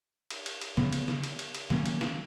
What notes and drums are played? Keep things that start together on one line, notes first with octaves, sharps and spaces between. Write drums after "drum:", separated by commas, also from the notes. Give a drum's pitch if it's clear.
drum: cymbal
drum: cymbal
drum: cymbal
C#3 F3 B3, drum: snare
drum: cymbal
drum: snare
drum: cymbal
drum: cymbal
drum: cymbal
D#3 F#3 A#3 C#4, drum: snare
drum: cymbal
drum: snare